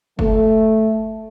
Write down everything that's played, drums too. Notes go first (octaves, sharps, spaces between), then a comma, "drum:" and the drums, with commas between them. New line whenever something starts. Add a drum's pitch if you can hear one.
A3, drum: kick F#1